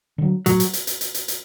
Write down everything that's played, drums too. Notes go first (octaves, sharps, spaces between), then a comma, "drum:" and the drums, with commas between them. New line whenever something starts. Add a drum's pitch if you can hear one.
D3 F#3
A2 F#3, drum: hi-hat
drum: hi-hat
drum: hi-hat
drum: hi-hat
drum: hi-hat
drum: hi-hat
drum: hi-hat